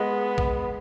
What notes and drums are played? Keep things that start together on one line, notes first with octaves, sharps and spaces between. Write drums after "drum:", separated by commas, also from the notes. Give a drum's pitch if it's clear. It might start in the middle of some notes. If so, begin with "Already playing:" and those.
Already playing: G#3 B3
drum: kick